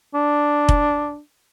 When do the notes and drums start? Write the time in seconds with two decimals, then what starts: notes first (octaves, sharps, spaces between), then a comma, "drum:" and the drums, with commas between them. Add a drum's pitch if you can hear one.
0.15 D4
0.69 drum: kick F1